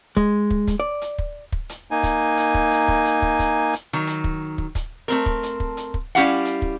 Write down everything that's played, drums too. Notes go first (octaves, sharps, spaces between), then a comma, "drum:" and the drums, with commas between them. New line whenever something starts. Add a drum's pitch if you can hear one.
G#3, drum: kick
drum: kick
drum: kick, hi-hat
D5
drum: hi-hat
drum: kick
drum: kick
drum: hi-hat
A#3 D#4 G#5
drum: kick, hi-hat
drum: hi-hat
drum: kick
drum: hi-hat
drum: kick
drum: hi-hat
drum: kick
drum: kick, hi-hat
drum: hi-hat
D#3 F#3
drum: hi-hat
drum: kick
drum: kick
drum: kick, hi-hat
A3 C4 A#4, drum: hi-hat
drum: kick
drum: hi-hat
drum: kick
drum: hi-hat
drum: kick
G3 C#4 E4 G4 F5 F#5
drum: hi-hat
drum: kick